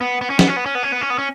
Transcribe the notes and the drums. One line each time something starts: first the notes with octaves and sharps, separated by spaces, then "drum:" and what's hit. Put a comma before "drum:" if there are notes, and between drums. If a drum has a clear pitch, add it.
B3
B3
C#4
B3, drum: snare
C#4
B3
C#4
B3
C#4
B3
C#4
B3
C#4